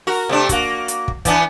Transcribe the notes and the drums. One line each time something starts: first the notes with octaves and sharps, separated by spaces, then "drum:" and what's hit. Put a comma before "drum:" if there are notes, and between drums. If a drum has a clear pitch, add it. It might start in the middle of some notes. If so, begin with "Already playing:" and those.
F#4 A#4
C3 A3 D4
A#3 F#4, drum: kick, hi-hat
drum: hi-hat
drum: kick
E3 B3 D4, drum: kick, hi-hat